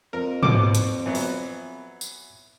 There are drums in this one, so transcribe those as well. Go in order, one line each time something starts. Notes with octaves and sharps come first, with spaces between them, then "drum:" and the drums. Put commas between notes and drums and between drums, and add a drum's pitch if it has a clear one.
F2 A#4
D#2 B2 D6, drum: tom G#2
drum: hi-hat
E3 F#3 B3
drum: open hi-hat
drum: tambourine